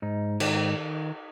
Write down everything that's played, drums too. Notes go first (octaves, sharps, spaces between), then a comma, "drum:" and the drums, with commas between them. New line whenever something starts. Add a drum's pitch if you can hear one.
G#2 D#4
D#3, drum: cymbal